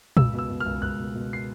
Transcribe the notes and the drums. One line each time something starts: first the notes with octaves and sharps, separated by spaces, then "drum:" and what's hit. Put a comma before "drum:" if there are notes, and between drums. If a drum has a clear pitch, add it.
C#2 E6, drum: tom A#2
B2
E6
B2
F6
C#2
C#2 F#6
B2
B2
C7